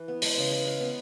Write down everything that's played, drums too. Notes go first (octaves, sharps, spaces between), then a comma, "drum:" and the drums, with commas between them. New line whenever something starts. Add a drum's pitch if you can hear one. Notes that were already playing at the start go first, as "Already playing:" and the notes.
Already playing: E3
B3
G#3, drum: open hi-hat
C#3
G#3
G#3
B3